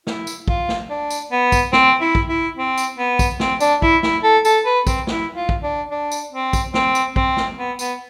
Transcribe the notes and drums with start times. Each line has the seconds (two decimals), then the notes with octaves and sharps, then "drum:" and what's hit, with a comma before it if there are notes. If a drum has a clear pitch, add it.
0.07 E4, drum: snare
0.27 drum: tambourine
0.48 F4, drum: kick
0.69 drum: snare
0.90 D4
1.11 drum: tambourine
1.31 B3
1.52 drum: kick, tambourine
1.73 C4, drum: snare
2.01 E4
2.15 drum: kick
2.29 E4
2.56 C4
2.78 drum: tambourine
2.98 B3
3.19 drum: kick, tambourine
3.40 C4, drum: snare
3.60 D4, drum: tambourine
3.82 E4, drum: kick
4.03 E4, drum: snare
4.23 A4
4.45 A4, drum: tambourine
4.66 B4
4.87 C4, drum: kick, tambourine
5.07 E4, drum: snare
5.35 F4
5.49 drum: kick
5.63 D4
5.91 D4
6.12 drum: tambourine
6.32 C4
6.53 drum: kick, tambourine
6.74 C4, drum: snare
6.95 drum: tambourine
7.16 C4, drum: kick
7.37 drum: snare
7.58 B3
7.79 B3, drum: tambourine